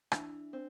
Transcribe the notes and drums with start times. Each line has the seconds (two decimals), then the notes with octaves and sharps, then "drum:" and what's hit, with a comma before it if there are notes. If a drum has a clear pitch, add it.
0.12 E3 D4, drum: rim click
0.53 C4 D4